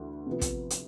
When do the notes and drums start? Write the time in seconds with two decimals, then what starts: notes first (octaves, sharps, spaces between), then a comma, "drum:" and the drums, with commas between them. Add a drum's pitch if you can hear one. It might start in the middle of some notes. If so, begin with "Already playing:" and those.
Already playing: D2 E3
0.27 C3 F3 B3
0.41 drum: kick, hi-hat
0.70 drum: hi-hat